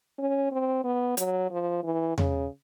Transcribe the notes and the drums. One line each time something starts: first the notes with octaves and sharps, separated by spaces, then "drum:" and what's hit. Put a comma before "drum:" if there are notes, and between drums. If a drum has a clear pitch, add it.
C#4
C4
B3
F#3, drum: hi-hat
F3
E3
C#3, drum: tom E2